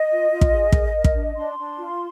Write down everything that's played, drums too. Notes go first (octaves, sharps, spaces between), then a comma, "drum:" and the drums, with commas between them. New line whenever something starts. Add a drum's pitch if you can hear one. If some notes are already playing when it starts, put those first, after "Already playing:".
Already playing: D#5
F4
F4
drum: kick
G#4
A#4, drum: kick
A#4
drum: kick
D4
D4 C6
D4
F4